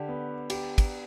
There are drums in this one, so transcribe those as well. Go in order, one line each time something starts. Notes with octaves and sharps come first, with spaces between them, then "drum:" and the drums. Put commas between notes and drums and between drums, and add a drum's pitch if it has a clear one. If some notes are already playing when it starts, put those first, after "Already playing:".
Already playing: D3 G4
B3
G4, drum: cymbal
drum: kick, cymbal